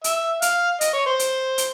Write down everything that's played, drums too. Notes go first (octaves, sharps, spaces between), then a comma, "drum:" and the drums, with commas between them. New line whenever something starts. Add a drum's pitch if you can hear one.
E5, drum: hi-hat
F5, drum: hi-hat
D#5, drum: hi-hat
C#5
C5
drum: hi-hat
drum: hi-hat